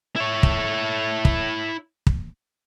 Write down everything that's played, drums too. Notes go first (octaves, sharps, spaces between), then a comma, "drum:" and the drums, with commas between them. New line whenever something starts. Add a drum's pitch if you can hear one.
E4 C#5
drum: kick
drum: kick
drum: kick